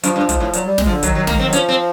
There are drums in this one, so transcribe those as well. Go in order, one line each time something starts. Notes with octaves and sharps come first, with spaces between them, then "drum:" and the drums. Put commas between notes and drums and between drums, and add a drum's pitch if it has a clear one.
F#2 F3, drum: hi-hat
G2
G#2, drum: kick, hi-hat
A2
A#2 F#3, drum: hi-hat
G3
G#3, drum: snare
F3
D3
D#3 F#3, drum: kick, hi-hat
F#3
A#3, drum: snare
C4
F#3
F3 C#4, drum: hi-hat
C4